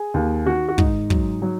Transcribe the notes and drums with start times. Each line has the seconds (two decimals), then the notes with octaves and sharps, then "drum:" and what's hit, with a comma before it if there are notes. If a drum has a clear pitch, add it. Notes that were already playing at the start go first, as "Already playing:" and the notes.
Already playing: G#4
0.14 D#2
0.46 D#3 F#4
0.69 F#4
0.78 G#2 D#4, drum: kick
1.10 F#3, drum: kick
1.42 F#3